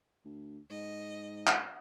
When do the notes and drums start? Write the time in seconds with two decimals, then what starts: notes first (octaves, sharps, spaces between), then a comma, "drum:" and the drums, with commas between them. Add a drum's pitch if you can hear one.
0.25 D2
0.70 G#2 D#5
1.47 drum: clap